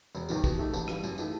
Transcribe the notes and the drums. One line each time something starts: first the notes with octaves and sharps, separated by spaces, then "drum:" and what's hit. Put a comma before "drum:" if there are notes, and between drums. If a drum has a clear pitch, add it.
E1, drum: tambourine
E2 D#3 G3, drum: tambourine
B2, drum: kick, tambourine
A3 D#4 G4
A1, drum: tambourine
G2 E3 G3, drum: rim click
F#2, drum: tambourine
E3 A3 D#4 G4, drum: tambourine